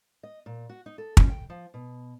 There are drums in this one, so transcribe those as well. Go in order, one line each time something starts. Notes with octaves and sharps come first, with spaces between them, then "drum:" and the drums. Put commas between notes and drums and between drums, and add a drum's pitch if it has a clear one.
D#5
A#2
F#4
D#4
A4
C#4, drum: kick
G5
F3
B2